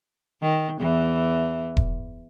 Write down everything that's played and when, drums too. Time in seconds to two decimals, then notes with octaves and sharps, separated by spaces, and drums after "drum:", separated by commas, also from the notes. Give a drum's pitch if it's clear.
0.42 D#3
0.80 E2 E3
1.77 drum: kick E1